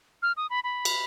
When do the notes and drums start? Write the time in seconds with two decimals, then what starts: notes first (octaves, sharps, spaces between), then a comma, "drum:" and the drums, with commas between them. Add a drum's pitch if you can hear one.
0.23 F6
0.37 D#6
0.50 B5
0.64 B5
0.85 drum: cymbal